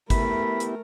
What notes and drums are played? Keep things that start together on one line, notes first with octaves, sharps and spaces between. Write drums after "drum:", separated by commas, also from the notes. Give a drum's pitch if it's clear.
A3 B3 E4 G4 A#4 B5, drum: kick G#1, hi-hat
drum: hi-hat